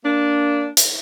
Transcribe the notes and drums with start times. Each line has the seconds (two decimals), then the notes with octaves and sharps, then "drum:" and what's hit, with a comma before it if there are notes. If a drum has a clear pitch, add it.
0.04 A#3 D4
0.77 drum: hi-hat